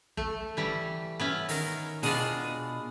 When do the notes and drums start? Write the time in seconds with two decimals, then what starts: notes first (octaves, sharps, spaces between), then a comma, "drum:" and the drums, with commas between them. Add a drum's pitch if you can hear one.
0.17 A3, drum: kick
0.57 E3 G3 E4
1.20 B3 C#4 E4
1.49 D#3 A#4, drum: open hi-hat
2.03 B2 D4 F4 G#4 D#5, drum: open hi-hat